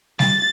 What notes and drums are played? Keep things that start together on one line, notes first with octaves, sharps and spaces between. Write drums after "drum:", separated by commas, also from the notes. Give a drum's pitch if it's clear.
A6, drum: snare